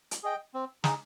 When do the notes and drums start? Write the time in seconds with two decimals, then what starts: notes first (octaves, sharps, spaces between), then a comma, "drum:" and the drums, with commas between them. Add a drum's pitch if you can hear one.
0.11 drum: hi-hat
0.23 G#4 D#5 G5
0.54 C4
0.84 D#4 G#4, drum: snare